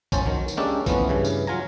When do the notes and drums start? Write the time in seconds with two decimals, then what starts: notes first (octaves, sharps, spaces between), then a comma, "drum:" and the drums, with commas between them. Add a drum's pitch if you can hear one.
0.12 A1 C#4 C5 A5, drum: kick, tambourine
0.25 D#3 F#3
0.48 drum: tambourine
0.57 G#3 A#3 C#4 D4 G4 A4
0.86 E3 F3 A3 B3 C#4, drum: kick, tambourine
1.09 G2 C#3 E3
1.25 drum: tambourine
1.47 F#3 F4 G#5 A#5